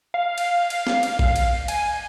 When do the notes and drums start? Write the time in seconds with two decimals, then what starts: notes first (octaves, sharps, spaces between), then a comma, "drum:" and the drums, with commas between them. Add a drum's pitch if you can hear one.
0.14 F5
0.38 drum: cymbal
0.70 drum: cymbal
0.87 drum: snare
1.03 drum: cymbal
1.19 drum: kick
1.36 drum: cymbal
1.68 G#5, drum: cymbal